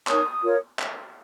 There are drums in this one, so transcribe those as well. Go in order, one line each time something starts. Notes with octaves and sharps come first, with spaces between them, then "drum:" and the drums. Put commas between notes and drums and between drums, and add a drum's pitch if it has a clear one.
D#4 A#4 C#5 D#6, drum: clap
F4 A#4 C#5
drum: clap